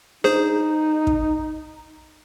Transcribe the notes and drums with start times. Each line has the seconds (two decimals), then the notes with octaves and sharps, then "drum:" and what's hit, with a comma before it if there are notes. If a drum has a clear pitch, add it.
0.24 D#4 G#4 C5, drum: snare D4
1.07 drum: kick